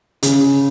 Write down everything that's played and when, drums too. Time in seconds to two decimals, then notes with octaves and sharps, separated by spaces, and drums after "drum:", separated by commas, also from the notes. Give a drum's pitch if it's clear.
0.23 C#3, drum: hi-hat